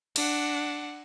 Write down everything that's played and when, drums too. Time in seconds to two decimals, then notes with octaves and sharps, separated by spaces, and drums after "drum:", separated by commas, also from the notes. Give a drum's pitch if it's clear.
0.16 D4 F#5, drum: cymbal